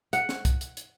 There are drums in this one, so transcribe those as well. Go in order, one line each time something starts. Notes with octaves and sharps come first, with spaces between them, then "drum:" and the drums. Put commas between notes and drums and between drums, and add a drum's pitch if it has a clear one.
F#5, drum: hi-hat
drum: snare
drum: kick, hi-hat
drum: hi-hat
drum: hi-hat